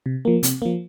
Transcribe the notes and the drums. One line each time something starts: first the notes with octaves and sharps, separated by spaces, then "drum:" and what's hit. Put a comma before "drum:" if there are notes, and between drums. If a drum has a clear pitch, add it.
C3
F3 A#3
C3, drum: hi-hat
F3 A#3